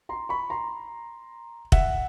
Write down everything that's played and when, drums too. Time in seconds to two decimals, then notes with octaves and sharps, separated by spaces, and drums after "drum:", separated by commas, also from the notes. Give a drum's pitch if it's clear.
0.09 A#5 C6
0.29 B5 C#6
0.50 A#5 C6
1.72 E5 F#5, drum: kick